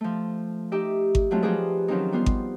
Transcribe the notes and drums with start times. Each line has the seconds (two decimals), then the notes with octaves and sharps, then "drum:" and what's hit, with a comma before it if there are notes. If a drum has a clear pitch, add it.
0.01 F3 A3
0.72 D#4 G4 E5
1.15 drum: kick G#1
1.31 F#3 G#3 A3 C4 F4 F#4
1.42 F3 D#4 F4 G4 G#4 B4
1.88 D#3 F3 F#3 C4 C#4 D#4
2.12 G3 B3 F4 C5
2.26 drum: kick G#1